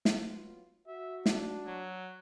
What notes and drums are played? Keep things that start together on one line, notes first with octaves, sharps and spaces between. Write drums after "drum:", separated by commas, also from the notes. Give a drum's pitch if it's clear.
drum: snare
F#3 B3 F4
F#4 E5
D4, drum: snare
F#3